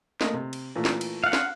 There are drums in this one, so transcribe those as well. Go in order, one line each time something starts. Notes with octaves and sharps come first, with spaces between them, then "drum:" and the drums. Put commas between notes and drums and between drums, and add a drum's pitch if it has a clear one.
A3 A#3 D#5, drum: snare
C3
drum: cymbal
A#2 E3 A3
drum: snare
drum: cymbal
F5 F#5
drum: snare